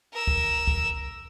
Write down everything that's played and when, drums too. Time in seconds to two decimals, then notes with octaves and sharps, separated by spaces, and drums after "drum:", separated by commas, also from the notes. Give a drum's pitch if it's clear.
0.14 A#4 E6
0.27 drum: kick
0.67 drum: kick